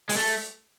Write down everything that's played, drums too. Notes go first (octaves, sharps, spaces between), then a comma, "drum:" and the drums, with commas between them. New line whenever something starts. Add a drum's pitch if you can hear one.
G#3, drum: open hi-hat
A3